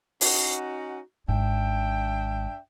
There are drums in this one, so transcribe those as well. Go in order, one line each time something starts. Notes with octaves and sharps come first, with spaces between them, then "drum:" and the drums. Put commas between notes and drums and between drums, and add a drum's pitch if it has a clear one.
C#4 D#4 F#4, drum: open hi-hat
G#1 G#2 D4 E5 G5